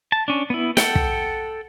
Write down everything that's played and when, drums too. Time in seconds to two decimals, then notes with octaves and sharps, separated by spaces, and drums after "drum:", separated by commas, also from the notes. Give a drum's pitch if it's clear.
0.12 A5
0.28 C#4 D4
0.50 B3 E4
0.77 A4 F#5 G5, drum: snare
0.95 drum: kick